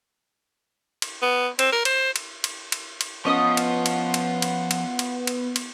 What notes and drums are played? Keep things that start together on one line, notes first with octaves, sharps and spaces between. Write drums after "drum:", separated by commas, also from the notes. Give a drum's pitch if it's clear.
drum: cymbal
B3
C4, drum: cymbal
A#4
C5, drum: cymbal
drum: cymbal
drum: cymbal
drum: cymbal
drum: cymbal
F3 B3 C#4 F4 D#5 F#5 D#6
drum: cymbal
drum: cymbal
drum: cymbal
drum: cymbal
drum: cymbal
drum: cymbal
drum: cymbal
drum: cymbal